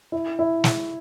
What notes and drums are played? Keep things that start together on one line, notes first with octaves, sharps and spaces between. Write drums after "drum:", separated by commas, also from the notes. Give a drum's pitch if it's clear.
E4
E4
drum: snare